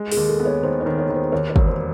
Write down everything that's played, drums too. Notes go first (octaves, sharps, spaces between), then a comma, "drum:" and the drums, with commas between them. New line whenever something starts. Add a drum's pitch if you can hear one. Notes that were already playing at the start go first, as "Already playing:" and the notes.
Already playing: G#3
G#4, drum: open hi-hat
D#2
A4
B3
C#5
D#3 C5
C#5
D#3
C#5
D#3
C5
D#2 C#5
C#5
E1, drum: kick
C5